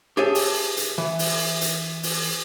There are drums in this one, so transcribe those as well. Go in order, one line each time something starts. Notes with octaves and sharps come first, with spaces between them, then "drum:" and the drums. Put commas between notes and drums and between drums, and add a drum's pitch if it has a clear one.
G4 G#4 C#5 E5 G#5 A5
drum: open hi-hat
drum: hi-hat
E3
drum: open hi-hat
drum: hi-hat
drum: open hi-hat